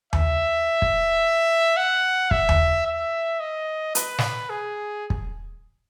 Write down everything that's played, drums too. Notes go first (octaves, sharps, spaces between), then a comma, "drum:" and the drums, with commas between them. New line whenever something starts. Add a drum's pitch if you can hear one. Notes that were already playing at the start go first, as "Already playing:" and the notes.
E5, drum: tom D#2
drum: kick
F#5
E5, drum: kick
drum: tom D#2
E5
D#5
B4, drum: hi-hat
drum: snare
G#4
drum: kick